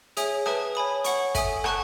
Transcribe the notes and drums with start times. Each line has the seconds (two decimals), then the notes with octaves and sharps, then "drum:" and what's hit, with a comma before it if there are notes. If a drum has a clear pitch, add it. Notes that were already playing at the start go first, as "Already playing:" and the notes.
0.17 G#4 C#5 E5 G#5 D#6, drum: hi-hat
0.46 B4 E5 A5 D#6, drum: rim click
0.75 C#5 G#5 B5 D#6
1.04 C#5 F#5 C#6, drum: hi-hat
1.35 A4 E5 G#5 D#6, drum: kick, hi-hat
1.64 F#5 A5 C#6 F#6, drum: rim click